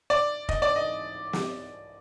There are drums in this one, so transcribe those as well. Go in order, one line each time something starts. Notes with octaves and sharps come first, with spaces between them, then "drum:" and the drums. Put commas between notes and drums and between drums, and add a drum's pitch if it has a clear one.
D5
D#5, drum: kick
D5
D#5
drum: snare